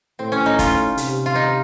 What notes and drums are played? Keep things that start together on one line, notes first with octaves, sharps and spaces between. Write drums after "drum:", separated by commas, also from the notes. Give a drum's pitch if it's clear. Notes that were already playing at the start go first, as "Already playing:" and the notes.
A2 C4
C#4
D#4
F4, drum: kick, hi-hat
C3, drum: hi-hat
F4
D#4